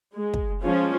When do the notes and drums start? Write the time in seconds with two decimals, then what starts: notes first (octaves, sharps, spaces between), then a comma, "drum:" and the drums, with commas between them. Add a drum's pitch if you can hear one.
0.16 G#3
0.34 drum: kick
0.63 F3 G#3 C#4 F4